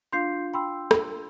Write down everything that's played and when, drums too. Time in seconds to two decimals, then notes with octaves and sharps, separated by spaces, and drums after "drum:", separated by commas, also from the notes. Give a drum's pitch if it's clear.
0.12 D4 F4 F5 C6 G6 C7
0.54 G5 B5 C6 E6
0.91 drum: rim click